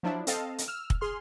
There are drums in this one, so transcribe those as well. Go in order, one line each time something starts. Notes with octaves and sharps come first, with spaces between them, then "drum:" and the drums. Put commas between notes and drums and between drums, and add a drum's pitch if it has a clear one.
F3 F#3 D4 E4
C4 A4 D#5 F5 A5, drum: hi-hat
drum: hi-hat
E6 F6
drum: kick
G#4 C6 F6